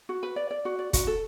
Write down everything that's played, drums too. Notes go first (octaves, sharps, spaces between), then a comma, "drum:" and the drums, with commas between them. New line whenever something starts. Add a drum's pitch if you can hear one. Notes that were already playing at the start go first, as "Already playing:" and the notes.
F#4
B4
D5
D5
F#4
D5
F#4, drum: kick, hi-hat
A4